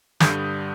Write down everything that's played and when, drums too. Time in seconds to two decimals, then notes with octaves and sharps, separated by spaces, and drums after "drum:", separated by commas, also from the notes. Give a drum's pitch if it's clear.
0.20 G2 D3 G3 D#6 G6, drum: snare